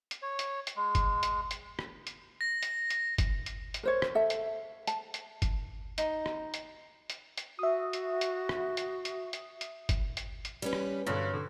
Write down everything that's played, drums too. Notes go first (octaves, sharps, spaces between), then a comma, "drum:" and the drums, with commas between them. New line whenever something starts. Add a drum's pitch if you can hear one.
drum: hi-hat
C#5
drum: hi-hat
drum: hi-hat
G#3
drum: kick, hi-hat
drum: hi-hat
drum: hi-hat
drum: rim click
drum: hi-hat
A#6
drum: hi-hat
drum: hi-hat
drum: kick, hi-hat
drum: hi-hat
drum: hi-hat
A#4 C5 C#5
drum: rim click
A4 E5
drum: hi-hat
A5, drum: hi-hat
drum: hi-hat
drum: kick, hi-hat
D#4, drum: hi-hat
drum: rim click
drum: hi-hat
drum: hi-hat
drum: hi-hat
F#4 E5 D#6
drum: hi-hat
drum: hi-hat
drum: rim click
drum: hi-hat
drum: hi-hat
drum: hi-hat
drum: hi-hat
drum: kick, hi-hat
drum: hi-hat
drum: hi-hat
G3 C#4 B4
drum: rim click
G2 D3 F#3 C#4
D3